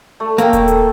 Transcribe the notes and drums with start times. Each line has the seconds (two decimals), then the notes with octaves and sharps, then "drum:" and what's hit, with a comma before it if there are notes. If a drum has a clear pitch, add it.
0.20 A3
0.38 A#3 A4 G5, drum: hi-hat
0.53 drum: kick D#1, hi-hat
0.68 drum: hi-hat